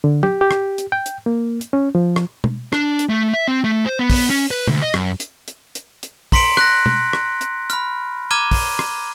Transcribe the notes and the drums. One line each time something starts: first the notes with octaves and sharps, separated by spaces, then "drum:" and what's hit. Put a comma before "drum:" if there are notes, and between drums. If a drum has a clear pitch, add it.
D3
G4, drum: tom
G4
drum: rim click
drum: hi-hat
G5
drum: hi-hat
A#3
drum: hi-hat
C#4
F3
drum: rim click
drum: tom B2
D4, drum: rim click
drum: hi-hat
A3
E5
C4
A3
C5
B3
drum: kick, open hi-hat
C#4
B4
D2, drum: tom B2
D#5
F#2, drum: rim click
drum: hi-hat
drum: hi-hat
drum: hi-hat
drum: hi-hat
A#5 C6 B6 C#7 D7 F#7, drum: kick, open hi-hat
F#6 A#6, drum: rim click
drum: tom B2
drum: rim click
drum: hi-hat
B5 F6, drum: hi-hat
A#5 D6 F6 G#6 D#7 G7
drum: kick, open hi-hat
drum: rim click